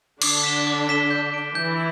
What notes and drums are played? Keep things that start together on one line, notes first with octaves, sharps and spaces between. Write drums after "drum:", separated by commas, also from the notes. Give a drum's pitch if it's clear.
D3 D4 D6, drum: cymbal
B6 E7 G7
D6
B6 E7 G7
G6
D7 G7
E3 E4 G6